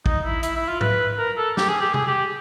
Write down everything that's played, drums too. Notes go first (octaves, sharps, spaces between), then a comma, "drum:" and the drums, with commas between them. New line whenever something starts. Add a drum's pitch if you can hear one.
D#4, drum: kick
E4
E4, drum: hi-hat
E4
F4
B4, drum: tom G#2
A#4
A4
G4, drum: snare
G#4
G4
G#4, drum: tom C3
G4